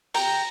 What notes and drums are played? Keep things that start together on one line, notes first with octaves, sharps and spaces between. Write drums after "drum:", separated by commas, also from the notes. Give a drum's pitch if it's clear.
G5 A#5, drum: open hi-hat